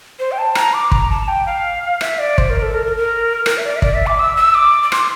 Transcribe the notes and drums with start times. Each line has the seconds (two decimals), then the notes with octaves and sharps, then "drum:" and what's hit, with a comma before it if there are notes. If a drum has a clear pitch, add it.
0.20 C5
0.32 G5
0.38 A5
0.55 A#5, drum: rim click
0.74 D6
0.92 A#5, drum: kick
1.10 A5
1.28 G5
1.46 F5
2.01 E5, drum: rim click
2.19 D5
2.38 C5, drum: kick
2.50 A#4
2.62 A4
2.74 A#4
2.86 A#4
2.97 A#4
3.46 A#4, drum: rim click
3.58 E5
3.65 D5
3.76 E5
3.82 D5, drum: kick
3.94 E5
4.07 D6
4.19 E6
4.37 E6
4.55 D6
4.83 D6
4.92 C6, drum: rim click